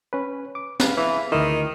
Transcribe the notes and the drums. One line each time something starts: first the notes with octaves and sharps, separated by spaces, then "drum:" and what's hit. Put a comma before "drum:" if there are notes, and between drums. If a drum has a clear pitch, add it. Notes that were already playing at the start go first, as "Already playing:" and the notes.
C#4 B4
D6
G#4 B4 F5, drum: snare
E3
D2 D#3 E4